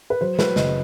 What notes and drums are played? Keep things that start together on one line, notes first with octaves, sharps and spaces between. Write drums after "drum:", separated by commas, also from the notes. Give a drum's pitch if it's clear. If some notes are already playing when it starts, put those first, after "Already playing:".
B4
F#3 C5
F#3 B4, drum: snare
F#1 D#5, drum: snare